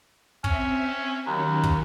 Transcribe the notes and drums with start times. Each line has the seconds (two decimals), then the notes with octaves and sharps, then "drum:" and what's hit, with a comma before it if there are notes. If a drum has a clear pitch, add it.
0.44 C4 C#4 E5, drum: kick
1.27 D#2 D#3 F#3 C#4
1.64 drum: kick